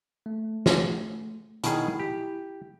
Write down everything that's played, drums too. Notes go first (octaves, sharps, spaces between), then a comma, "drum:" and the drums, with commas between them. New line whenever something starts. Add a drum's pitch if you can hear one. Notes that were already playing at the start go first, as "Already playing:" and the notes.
A3
drum: snare
B2 D#3 E4 G#4, drum: hi-hat
G4